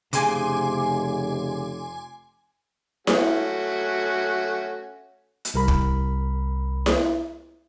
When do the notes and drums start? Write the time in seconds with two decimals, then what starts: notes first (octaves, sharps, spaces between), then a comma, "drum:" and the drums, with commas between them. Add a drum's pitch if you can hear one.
0.13 F1 C#3 G#5 C6 D6, drum: hi-hat
3.07 A3 C#4 F#4, drum: snare E4
5.45 drum: hi-hat
5.54 C2 A#4 B5
5.68 drum: kick
6.86 drum: snare E4